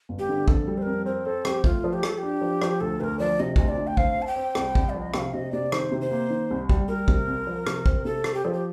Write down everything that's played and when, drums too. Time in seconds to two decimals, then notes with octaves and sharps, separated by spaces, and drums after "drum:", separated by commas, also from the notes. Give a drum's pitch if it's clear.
0.09 G1
0.19 G4
0.29 D3
0.48 F2 A4, drum: kick A1
0.67 G3
0.78 C5
0.82 F2 A#4
1.06 C4 A#4
1.25 C4 A4
1.45 F2 G4, drum: rim click
1.64 A3 F4, drum: kick A1
1.84 F3
1.93 G4
2.03 F3 A4, drum: rim click
2.18 G4
2.23 D4
2.42 F3
2.62 F3, drum: rim click
2.80 D2 A4
3.00 D2 A#4 C5
3.19 F3 D5
3.40 C3 D#5
3.56 D2 D#5, drum: kick A1
3.68 D5
3.78 D2
3.87 G5
3.97 C4 F5, drum: kick A1
4.17 C4 A5
4.27 G5
4.36 C4
4.55 C2, drum: rim click
4.75 C2, drum: kick A1
4.89 D5
4.94 F3
5.02 D#5
5.14 C3 F5 G5, drum: rim click
5.33 C3 D#5
5.52 C3 D5
5.72 D#3 C5, drum: rim click
5.92 C3
6.01 C5
6.11 A#3
6.30 D#3
6.50 C2
6.69 G3, drum: kick A1
6.88 G3 A#4
7.08 C3, drum: kick A1
7.27 C2
7.47 F3
7.67 C3, drum: rim click
7.86 C4, drum: kick A1
8.05 C3 A4
8.24 C4, drum: rim click
8.34 G4
8.44 F3 A4
8.53 G4